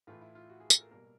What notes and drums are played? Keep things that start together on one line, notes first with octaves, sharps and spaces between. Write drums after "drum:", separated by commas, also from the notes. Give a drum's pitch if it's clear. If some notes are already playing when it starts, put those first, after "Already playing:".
A2 E3 A3 F4
E4
F4
F#4
G#4
A4, drum: tambourine
A#4
B2 G3 A#3 A#4